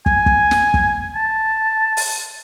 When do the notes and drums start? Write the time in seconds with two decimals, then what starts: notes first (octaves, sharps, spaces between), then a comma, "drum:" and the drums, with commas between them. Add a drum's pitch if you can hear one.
0.06 G#5, drum: kick
0.26 drum: kick
0.51 drum: snare
0.74 drum: kick
1.15 A5
1.97 drum: open hi-hat